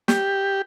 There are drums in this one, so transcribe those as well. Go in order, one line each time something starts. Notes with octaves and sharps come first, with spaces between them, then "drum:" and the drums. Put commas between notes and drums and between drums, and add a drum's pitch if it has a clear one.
G4, drum: snare